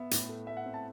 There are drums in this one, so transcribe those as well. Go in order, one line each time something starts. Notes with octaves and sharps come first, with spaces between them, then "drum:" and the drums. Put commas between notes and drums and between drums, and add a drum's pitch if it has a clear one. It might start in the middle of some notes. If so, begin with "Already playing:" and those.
Already playing: B3 E5
A2, drum: hi-hat
A3
A3 E5
F#5
C4
A5